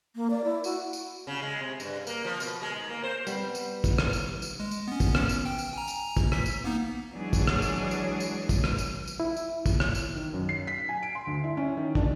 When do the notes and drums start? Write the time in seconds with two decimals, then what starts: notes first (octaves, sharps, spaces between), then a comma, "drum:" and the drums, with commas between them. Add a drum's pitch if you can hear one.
0.15 A#3
0.30 D5
0.44 E4
0.64 F#4, drum: tambourine
0.93 drum: tambourine
1.27 C#3
1.42 G#3
1.60 C3
1.80 G2, drum: tambourine
2.07 A#3, drum: tambourine
2.25 F3
2.40 B2, drum: tambourine
2.62 G#3
2.75 G#2
2.89 A#3
3.03 C5
3.27 G3 B3 C4, drum: tambourine
3.55 drum: tambourine
3.84 drum: kick, tambourine
3.98 drum: rim click
4.13 drum: tambourine
4.42 drum: tambourine
4.60 G#3
4.71 drum: tambourine
4.88 B3 C#4
5.00 drum: kick, tambourine
5.15 drum: rim click
5.29 drum: tambourine
5.45 G5
5.58 drum: tambourine
5.73 G#5 A#5
5.88 drum: tambourine
6.17 drum: kick, tambourine
6.32 B6, drum: rim click
6.46 drum: tambourine
6.64 A#3 B3 D#4
7.12 E3 F#3 G#3 D4 G#4
7.33 drum: kick, tambourine
7.47 drum: rim click
7.62 drum: tambourine
7.91 drum: tambourine
8.20 drum: tambourine
8.49 drum: kick, tambourine
8.64 drum: rim click
8.78 drum: tambourine
9.07 drum: tambourine
9.20 E4
9.37 drum: tambourine
9.66 drum: kick, tambourine
9.80 drum: rim click
9.95 drum: tambourine
10.15 D#3
10.33 F#2
10.49 C7
10.67 B6
10.89 G#5
11.03 D7
11.15 C6
11.27 D2
11.44 E4
11.57 C#4
11.77 D#3
11.95 D4, drum: kick